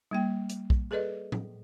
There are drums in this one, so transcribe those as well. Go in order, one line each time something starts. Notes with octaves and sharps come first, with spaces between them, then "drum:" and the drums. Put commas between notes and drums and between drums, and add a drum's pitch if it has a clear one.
G3 A#3 G5
drum: hi-hat
drum: kick
G#4 A4 B4 D5 D#5
drum: tom A2